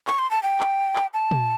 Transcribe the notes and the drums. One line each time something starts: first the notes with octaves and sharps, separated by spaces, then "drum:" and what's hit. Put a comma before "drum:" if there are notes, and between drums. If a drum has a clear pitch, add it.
C#6, drum: clap
C6
A5
G5
drum: clap
drum: clap
A5
drum: tom A#2